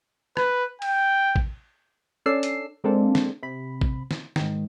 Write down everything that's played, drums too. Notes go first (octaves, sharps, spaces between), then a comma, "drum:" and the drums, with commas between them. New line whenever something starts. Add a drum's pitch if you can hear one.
B4, drum: rim click
G5, drum: cymbal
drum: kick
C#4 D4 A4 D5 E6 C7
drum: hi-hat
G#3 A#3 C4 D4 A4
drum: snare
C3 B5
drum: kick
drum: snare
G#2 D#3, drum: snare